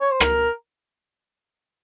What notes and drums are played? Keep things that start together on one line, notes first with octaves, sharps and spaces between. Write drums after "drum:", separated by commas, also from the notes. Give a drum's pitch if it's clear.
C#5
C5
A#4, drum: rim click